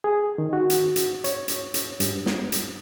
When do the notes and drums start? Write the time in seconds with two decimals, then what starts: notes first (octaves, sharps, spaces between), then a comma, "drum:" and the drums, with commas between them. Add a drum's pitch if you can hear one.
0.04 G#4
0.38 D#3
0.53 F#4
0.70 drum: hi-hat
0.96 drum: hi-hat
1.24 C#5, drum: hi-hat
1.48 drum: hi-hat
1.74 drum: hi-hat
2.00 G2, drum: hi-hat
2.26 drum: snare
2.52 drum: hi-hat